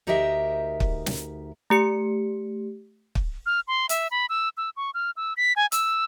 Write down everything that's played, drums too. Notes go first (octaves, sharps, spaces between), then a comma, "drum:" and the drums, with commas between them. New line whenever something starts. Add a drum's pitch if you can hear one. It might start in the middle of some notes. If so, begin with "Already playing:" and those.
D2 D#4 G4 A#4 D#5 E5
drum: kick
drum: snare
A3 G4 C#7
drum: kick
F6
C6
E5, drum: hi-hat
B5
E6
E6
C#6
F6
E6
B6
G#5
E6, drum: hi-hat